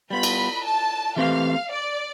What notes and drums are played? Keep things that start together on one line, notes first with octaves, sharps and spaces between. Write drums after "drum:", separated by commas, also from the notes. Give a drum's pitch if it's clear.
G3 B3 F4 B5
drum: cymbal
A5
E3 A3 C4 G4 B4 F5
D5